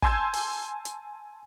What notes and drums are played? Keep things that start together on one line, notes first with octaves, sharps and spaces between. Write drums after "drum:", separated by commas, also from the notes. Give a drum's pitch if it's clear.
G#5 A5 C6 E6 G6 G#6, drum: kick
drum: open hi-hat
drum: hi-hat